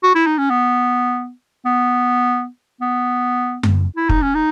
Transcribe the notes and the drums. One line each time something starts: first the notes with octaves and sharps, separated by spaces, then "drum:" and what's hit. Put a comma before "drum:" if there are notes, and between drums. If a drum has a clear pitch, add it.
F#4
E4
D#4
C#4
B3
B3
B3
drum: tom F#2
E4
D#4, drum: kick
C#4
D#4